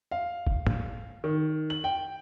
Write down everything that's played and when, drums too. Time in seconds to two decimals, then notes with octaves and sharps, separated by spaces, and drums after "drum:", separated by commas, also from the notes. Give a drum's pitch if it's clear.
0.11 F5
0.47 drum: kick G1
0.67 drum: tom
1.24 D#3
1.70 F#7
1.84 G5